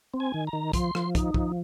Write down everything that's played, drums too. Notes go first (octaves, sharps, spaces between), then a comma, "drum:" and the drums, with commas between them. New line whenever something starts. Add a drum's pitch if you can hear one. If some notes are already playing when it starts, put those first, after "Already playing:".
C4
G#5
D#3
A#5
D#3
F3 C6, drum: kick, hi-hat
F3, drum: rim click
D#4, drum: kick, hi-hat
F3, drum: kick